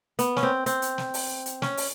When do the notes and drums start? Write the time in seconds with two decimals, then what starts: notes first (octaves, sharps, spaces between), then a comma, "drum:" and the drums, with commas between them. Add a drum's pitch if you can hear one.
0.19 B3, drum: hi-hat
0.37 C#4, drum: snare
0.43 C4
0.66 C4, drum: hi-hat
0.82 drum: hi-hat
0.98 drum: snare
1.14 drum: open hi-hat
1.46 drum: hi-hat
1.62 C#4, drum: snare
1.77 drum: open hi-hat